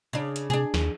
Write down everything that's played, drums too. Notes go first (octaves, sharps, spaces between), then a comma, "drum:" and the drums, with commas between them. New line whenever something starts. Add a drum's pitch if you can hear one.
C#3 D4
drum: hi-hat
C3 D4 G#4
D#2, drum: snare